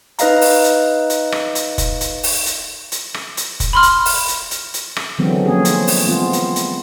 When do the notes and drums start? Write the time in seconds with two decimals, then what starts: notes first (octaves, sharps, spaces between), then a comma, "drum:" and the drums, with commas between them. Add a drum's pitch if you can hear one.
0.19 D#4 B4 D#5 F5 A#5, drum: hi-hat
0.41 drum: open hi-hat
0.64 drum: hi-hat
1.10 drum: hi-hat
1.32 drum: rim click
1.55 drum: hi-hat
1.78 drum: kick, hi-hat
2.01 drum: hi-hat
2.23 drum: open hi-hat
2.46 drum: hi-hat
2.92 drum: hi-hat
3.14 drum: rim click
3.37 drum: hi-hat
3.60 drum: kick, hi-hat
3.73 B5 C6 F6
3.83 drum: hi-hat
4.05 drum: open hi-hat
4.28 drum: hi-hat
4.51 drum: hi-hat
4.74 drum: hi-hat
4.96 drum: rim click
5.18 D3 E3 F#3 G#3 B3 C4
5.46 F3 A#3 C#4 G#4
5.65 drum: hi-hat
5.87 drum: open hi-hat
6.05 E3 G#3 B3 C4 F4
6.33 drum: hi-hat
6.56 drum: hi-hat